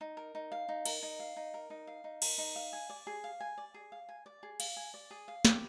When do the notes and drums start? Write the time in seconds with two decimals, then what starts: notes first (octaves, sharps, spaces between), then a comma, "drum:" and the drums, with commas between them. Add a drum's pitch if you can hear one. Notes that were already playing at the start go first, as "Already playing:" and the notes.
0.01 D#4
0.17 A#4
0.35 D#4
0.52 F5
0.69 D#4
0.86 A#4, drum: cymbal
1.03 D#4
1.20 F5
1.36 D#4
1.54 A#4
1.70 D#4
1.87 F5
2.04 D#4
2.22 A#4, drum: cymbal
2.38 D#4
2.56 F5
2.73 G#5
2.90 D5
3.07 G#4
3.24 F5
3.40 G#5
3.58 D5
3.74 G#4
3.92 F5
4.09 G#5
4.26 D5
4.43 G#4
4.60 F5, drum: cymbal
4.77 G#5
4.94 D5
5.11 G#4
5.28 F5
5.45 G4, drum: snare